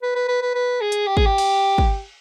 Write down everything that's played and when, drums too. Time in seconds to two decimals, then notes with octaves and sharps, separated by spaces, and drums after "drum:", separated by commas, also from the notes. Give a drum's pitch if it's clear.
0.02 B4
0.15 B4
0.28 B4
0.42 B4
0.55 B4
0.81 G#4
0.92 drum: hi-hat
1.07 G4
1.17 G#4, drum: kick
1.26 G4
1.38 drum: cymbal
1.78 drum: kick